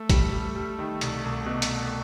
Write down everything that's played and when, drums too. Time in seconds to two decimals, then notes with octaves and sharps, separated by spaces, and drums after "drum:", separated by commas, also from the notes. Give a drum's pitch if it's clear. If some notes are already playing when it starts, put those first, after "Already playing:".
Already playing: A3
0.10 G3, drum: kick, hi-hat
0.33 G3
0.55 G3
0.78 D#3
1.01 C2, drum: hi-hat
1.25 C2
1.46 B2
1.62 drum: hi-hat